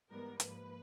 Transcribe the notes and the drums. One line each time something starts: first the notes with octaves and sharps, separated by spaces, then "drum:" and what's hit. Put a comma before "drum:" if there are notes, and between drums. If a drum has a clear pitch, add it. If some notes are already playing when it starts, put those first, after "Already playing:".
G#2 E3 G3 B3 A#4
G#2 F3 A#3 B4, drum: hi-hat